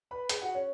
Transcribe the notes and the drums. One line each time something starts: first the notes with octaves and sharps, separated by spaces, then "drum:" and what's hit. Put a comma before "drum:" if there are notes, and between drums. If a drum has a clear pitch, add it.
B4 B5
G#4 G#5, drum: hi-hat
F#4 F#5
C#4 C#5